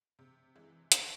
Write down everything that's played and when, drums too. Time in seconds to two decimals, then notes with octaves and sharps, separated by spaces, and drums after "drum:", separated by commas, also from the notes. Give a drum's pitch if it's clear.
0.19 C3
0.55 E3 G#3
0.92 D#3 C#6, drum: hi-hat
0.99 C6